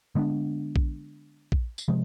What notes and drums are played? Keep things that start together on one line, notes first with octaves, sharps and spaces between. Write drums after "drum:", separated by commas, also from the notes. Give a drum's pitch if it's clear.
D3 G#3 B3 D4
drum: kick A#1
drum: kick A#1
drum: tambourine
C3 F3 G#3